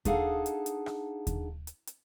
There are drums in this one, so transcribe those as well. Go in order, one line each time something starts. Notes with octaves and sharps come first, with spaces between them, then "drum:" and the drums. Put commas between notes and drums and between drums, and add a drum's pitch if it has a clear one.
D4 D#4 G#4 A4 F5 F#5, drum: kick D#2, hi-hat
drum: hi-hat
drum: hi-hat
drum: rim click
drum: kick D#2, hi-hat
drum: hi-hat
drum: hi-hat